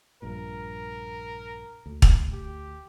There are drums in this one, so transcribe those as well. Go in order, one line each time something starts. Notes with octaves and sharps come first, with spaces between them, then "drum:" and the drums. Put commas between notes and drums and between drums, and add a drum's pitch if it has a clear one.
A#1 G2 A#2 A#4
D2
drum: kick
G4